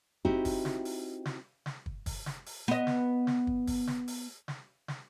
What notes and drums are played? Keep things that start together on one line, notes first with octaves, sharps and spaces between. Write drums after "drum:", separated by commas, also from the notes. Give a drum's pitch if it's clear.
C4 D#4 E4 F#4 G4, drum: kick
drum: kick, open hi-hat
drum: snare
drum: open hi-hat
drum: snare
drum: snare
drum: kick
drum: kick, open hi-hat
drum: snare
drum: open hi-hat
B3 D#5
drum: snare
drum: snare
drum: kick
drum: kick, open hi-hat
drum: snare
drum: open hi-hat
drum: snare
drum: snare